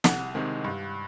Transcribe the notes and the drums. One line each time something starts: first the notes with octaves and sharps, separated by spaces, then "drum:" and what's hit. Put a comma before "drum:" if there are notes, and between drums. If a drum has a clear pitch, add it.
C2 F#5, drum: snare
C3 D#3 G#3
G2